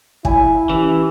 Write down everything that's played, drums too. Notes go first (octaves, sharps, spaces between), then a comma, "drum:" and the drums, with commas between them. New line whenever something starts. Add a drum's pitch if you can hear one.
E4 G#5, drum: kick
E3 C#4 G4